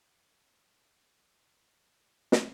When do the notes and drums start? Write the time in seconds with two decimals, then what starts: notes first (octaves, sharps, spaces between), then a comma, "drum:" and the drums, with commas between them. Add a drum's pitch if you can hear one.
0.02 A3 G#5 A5
0.84 C2 D4 D#4 F#4 B4
1.22 D2 C3 F3
2.32 drum: snare